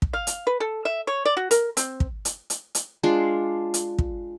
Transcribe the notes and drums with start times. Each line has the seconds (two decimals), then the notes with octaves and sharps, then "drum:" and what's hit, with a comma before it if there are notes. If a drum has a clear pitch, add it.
0.02 drum: kick
0.13 F5
0.27 drum: hi-hat
0.47 B4
0.60 A4
0.85 E5
1.07 C#5
1.25 D5
1.37 F#4
1.51 A#4, drum: hi-hat
1.77 C4, drum: hi-hat
2.00 drum: kick
2.25 drum: hi-hat
2.50 drum: hi-hat
2.75 drum: hi-hat
3.03 G#3 D4 F4
3.74 drum: hi-hat
3.98 drum: kick